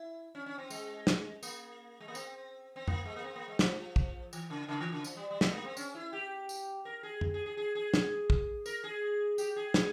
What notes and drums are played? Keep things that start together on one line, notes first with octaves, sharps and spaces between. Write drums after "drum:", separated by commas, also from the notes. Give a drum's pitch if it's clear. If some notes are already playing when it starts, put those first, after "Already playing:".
Already playing: E4
C#4
C#4
C4
G#3, drum: tambourine
drum: snare
A#3, drum: tambourine
G#3
A#3
C4, drum: tambourine
C4
A#3, drum: tom F2
G#3
A#3
C4
A#3
G#3
F3, drum: snare
drum: kick
E3, drum: tambourine
C#3
C#3
E3
C#3
F3, drum: tambourine
G3
G3
G#3, drum: snare
A#3
C4
C#4, drum: tambourine
E4
G4
drum: tambourine
A#4
G#4
drum: tom F2
G#4
G#4
G#4
G#4
drum: snare
drum: kick
A#4, drum: tambourine
G#4
G4, drum: tambourine
G#4
drum: snare